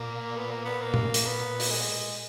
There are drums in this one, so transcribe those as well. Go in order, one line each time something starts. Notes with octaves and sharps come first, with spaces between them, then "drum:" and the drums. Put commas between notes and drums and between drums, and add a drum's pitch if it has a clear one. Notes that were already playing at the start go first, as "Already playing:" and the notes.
Already playing: A#2 A#3
B3
A#3
B3
A#3
drum: tom A#2
drum: hi-hat
B3
drum: open hi-hat
G#3